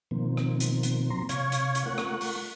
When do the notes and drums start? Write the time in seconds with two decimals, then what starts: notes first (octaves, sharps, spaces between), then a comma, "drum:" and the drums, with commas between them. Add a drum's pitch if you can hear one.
0.11 B2 D#3 F3 A#3 C4
0.37 drum: rim click
0.60 drum: hi-hat
0.83 drum: hi-hat
1.10 A#2 F#3 C4 A#5 C6
1.29 C3 C#5 F5 C#6 G#6, drum: hi-hat
1.52 drum: hi-hat
1.75 drum: hi-hat
1.86 A3 F4 A#4 F#5 C#6 F#6
1.98 drum: rim click
2.21 drum: open hi-hat